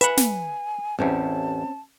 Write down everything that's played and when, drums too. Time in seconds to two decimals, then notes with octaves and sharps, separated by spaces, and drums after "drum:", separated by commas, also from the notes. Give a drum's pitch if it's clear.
0.01 B4 E5 F#5 G#5, drum: hi-hat
0.17 drum: snare
0.99 A1 E2 C4 C#4 A5